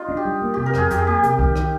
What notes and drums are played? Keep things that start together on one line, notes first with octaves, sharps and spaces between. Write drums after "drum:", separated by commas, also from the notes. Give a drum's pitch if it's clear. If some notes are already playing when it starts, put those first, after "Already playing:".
Already playing: D#4 F4
D4
G4
G3
A#3
C3 G4
A#4
F2 G#4, drum: rim click
F2 G4, drum: hi-hat
G#4
A#3 G4
C3, drum: hi-hat
D#3, drum: kick C2
D#3, drum: rim click